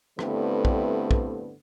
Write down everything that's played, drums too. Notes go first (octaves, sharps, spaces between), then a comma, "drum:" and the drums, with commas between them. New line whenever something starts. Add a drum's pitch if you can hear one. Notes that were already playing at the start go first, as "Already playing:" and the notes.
G2 D3 A3 B3 C4 E4, drum: rim click
drum: kick
drum: kick